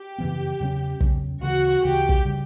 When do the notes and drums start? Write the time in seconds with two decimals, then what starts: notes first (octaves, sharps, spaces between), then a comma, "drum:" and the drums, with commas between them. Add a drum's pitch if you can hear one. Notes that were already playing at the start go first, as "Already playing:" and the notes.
Already playing: G4
0.18 F#2 C#3 E3 B3
0.60 E2 C#3 F#3 C#4
1.01 E2 C#3 F#3 C#4, drum: kick
1.42 D2 C#3 E3 F#4
1.84 D2 C#3 E3 G4
2.09 drum: kick
2.25 C#3 G3